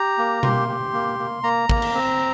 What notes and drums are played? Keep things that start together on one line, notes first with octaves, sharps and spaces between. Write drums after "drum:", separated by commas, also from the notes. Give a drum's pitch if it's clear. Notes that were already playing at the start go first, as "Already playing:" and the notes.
Already playing: G4 A#5
A#3
G4 C6, drum: tom B2
G4
A#3
A#3
A#3 A#5
A#3, drum: kick
drum: cymbal
C4